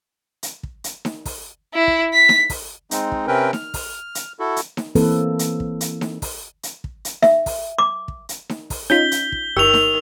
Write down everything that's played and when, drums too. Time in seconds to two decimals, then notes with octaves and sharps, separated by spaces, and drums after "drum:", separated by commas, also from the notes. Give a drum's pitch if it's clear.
0.43 drum: hi-hat
0.63 drum: kick
0.84 drum: hi-hat
1.05 drum: snare D#4
1.25 drum: kick, open hi-hat
1.74 E4
1.88 drum: kick
2.14 B6
2.29 drum: snare D#4
2.50 drum: kick, open hi-hat
2.91 G#3 C4 D#4, drum: hi-hat
3.12 drum: kick
3.27 C3 C4 C#4 A#4 B4 G5
3.53 F6, drum: snare D#4
3.74 drum: kick, open hi-hat
4.15 drum: hi-hat
4.39 E4 F#4 A4
4.56 drum: hi-hat
4.77 drum: snare D#4
4.95 E3 A#3 C4 A4 B4, drum: kick, open hi-hat
5.39 drum: hi-hat
5.60 drum: kick
5.81 drum: hi-hat
6.01 drum: snare D#4
6.22 drum: kick, open hi-hat
6.63 drum: hi-hat
6.84 drum: kick
7.05 drum: hi-hat
7.22 E5, drum: snare D#4
7.46 drum: kick, open hi-hat
7.78 D6
8.08 drum: kick
8.29 drum: hi-hat
8.49 drum: snare D#4
8.70 drum: kick, open hi-hat
8.90 C#4 D#4 F4 G6 B6 G7
9.12 drum: hi-hat
9.32 drum: kick
9.57 G1 D#3 G4 C#6 E6 F7
9.74 drum: snare D#4